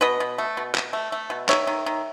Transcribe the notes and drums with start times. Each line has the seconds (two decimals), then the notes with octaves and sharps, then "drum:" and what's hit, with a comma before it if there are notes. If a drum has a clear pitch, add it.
0.01 B2 B4 D#5
0.20 B2
0.38 A3
0.57 B2
0.75 B2, drum: clap
0.93 A3
1.12 A3
1.30 B2
1.49 D#3 C#5 E5, drum: clap
1.67 D#3
1.86 D#3